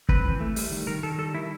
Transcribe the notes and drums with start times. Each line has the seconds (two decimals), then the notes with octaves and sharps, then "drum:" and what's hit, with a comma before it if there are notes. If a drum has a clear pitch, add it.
0.09 C4 B4, drum: kick
0.25 E3
0.40 A3
0.56 G3, drum: open hi-hat
0.72 D#3
0.87 D#3 A#4
1.03 D#3 A4
1.18 G3 A4
1.35 D#3 E4